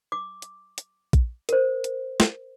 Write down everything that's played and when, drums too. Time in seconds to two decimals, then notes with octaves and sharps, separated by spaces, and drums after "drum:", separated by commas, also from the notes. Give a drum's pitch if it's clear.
0.12 D6
0.42 drum: hi-hat
0.78 drum: hi-hat
1.13 drum: kick A#1, hi-hat
1.49 A#4 C5, drum: hi-hat
1.84 drum: hi-hat
2.20 drum: snare